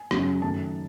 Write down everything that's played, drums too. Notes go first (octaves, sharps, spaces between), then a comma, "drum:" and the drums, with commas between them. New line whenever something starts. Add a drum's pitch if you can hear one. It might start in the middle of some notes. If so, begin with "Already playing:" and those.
Already playing: G#5
F#2 C#3 F#3 C#4, drum: rim click
F#2 D#3 A3 A5